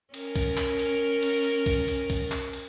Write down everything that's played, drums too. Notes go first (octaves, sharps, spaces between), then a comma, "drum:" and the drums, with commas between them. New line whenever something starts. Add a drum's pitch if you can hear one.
C#4 A#4, drum: cymbal
drum: kick B1, cymbal
drum: clap
drum: cymbal
drum: cymbal
drum: cymbal
drum: kick B1, cymbal
drum: cymbal
drum: kick B1, cymbal
drum: clap
drum: cymbal